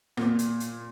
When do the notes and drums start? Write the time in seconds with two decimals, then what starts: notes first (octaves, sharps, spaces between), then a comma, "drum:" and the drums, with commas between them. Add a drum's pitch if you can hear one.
0.17 A#2, drum: rim click
0.39 drum: hi-hat
0.60 drum: hi-hat